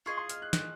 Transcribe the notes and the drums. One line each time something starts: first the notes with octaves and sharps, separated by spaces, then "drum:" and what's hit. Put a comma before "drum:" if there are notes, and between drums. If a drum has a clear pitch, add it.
F4 G#4 D#5 C#6
C6
F6, drum: hi-hat
F#6
F#6, drum: snare